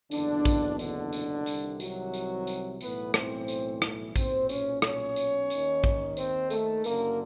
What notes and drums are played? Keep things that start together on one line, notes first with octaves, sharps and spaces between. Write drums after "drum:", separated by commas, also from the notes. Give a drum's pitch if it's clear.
F#1 E2 B2 D3 D4, drum: tambourine
drum: kick, tambourine
D3 D4, drum: tambourine
drum: tambourine
C2 C3 D#3, drum: tambourine
F#3 F#4, drum: tambourine
drum: tambourine
drum: tambourine
B1 A2 E3 B3 B4, drum: tambourine
C4 C5, drum: rim click
drum: tambourine
drum: rim click
B1 A#2 C4 C5, drum: kick, tambourine
C#4 C#5, drum: tambourine
C#4 C#5, drum: rim click
drum: tambourine
D#2 D#3, drum: tambourine
drum: kick
C4 C5, drum: tambourine
A3 A4, drum: tambourine
F#1 F#2 D3 A#3 A#4, drum: tambourine